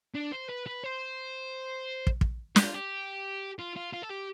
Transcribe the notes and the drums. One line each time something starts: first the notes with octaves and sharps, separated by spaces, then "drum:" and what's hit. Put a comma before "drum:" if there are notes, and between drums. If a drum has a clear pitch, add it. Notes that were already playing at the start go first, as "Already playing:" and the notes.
D4
C5
B4
B4
C5
drum: kick
drum: kick
G4, drum: snare
F4
G4
F4
F4
F4
A4
G4